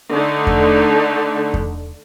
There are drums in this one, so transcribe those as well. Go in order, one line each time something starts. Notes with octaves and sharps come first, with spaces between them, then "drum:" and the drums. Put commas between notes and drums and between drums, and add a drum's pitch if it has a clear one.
D3 A3 D#4
drum: kick E2
drum: kick E2